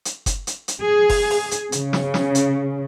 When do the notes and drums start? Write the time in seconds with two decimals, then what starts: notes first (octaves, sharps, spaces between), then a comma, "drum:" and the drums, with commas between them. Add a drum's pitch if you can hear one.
0.05 drum: hi-hat
0.26 drum: kick F#1, hi-hat
0.47 drum: hi-hat
0.68 drum: hi-hat
0.84 G#4
1.10 drum: kick F#1, open hi-hat
1.30 drum: open hi-hat
1.51 drum: hi-hat
1.72 C#3, drum: hi-hat
1.93 drum: snare
2.14 drum: snare
2.35 drum: hi-hat